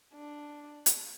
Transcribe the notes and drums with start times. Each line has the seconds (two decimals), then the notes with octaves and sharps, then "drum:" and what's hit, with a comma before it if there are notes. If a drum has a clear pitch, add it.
0.14 D4
0.86 drum: hi-hat